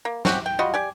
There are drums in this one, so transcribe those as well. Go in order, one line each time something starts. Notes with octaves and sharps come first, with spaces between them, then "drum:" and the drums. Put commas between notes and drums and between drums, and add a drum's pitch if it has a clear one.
A#3
C4 C#4 F#4 G4, drum: snare
G5
G3 F4 F#4 D#5
G4 D5 G#5